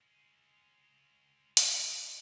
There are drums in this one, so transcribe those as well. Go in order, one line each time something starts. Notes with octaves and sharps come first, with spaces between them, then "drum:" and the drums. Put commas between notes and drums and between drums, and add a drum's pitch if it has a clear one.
G#3 C#4
drum: hi-hat